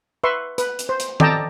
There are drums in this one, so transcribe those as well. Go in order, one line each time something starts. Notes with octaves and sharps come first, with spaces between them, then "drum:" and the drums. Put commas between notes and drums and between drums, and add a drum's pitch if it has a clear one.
B4 E5 C6 C#6
B4, drum: hi-hat
drum: hi-hat
C5
drum: hi-hat
A4 D5 D#5 G5 A5 A#5, drum: tom D#3